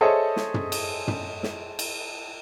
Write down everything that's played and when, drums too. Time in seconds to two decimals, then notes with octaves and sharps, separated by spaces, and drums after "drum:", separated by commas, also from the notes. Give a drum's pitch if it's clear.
0.01 G#4 A4 C5 C#5 D#5 E5
0.36 drum: snare
0.54 drum: tom
0.72 drum: cymbal
1.08 drum: tom
1.43 drum: snare
1.79 drum: cymbal